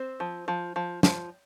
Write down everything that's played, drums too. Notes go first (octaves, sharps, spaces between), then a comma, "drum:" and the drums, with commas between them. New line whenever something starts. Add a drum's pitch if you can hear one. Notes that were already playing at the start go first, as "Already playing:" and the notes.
Already playing: C4 C5
F3
F3
F3
F3, drum: snare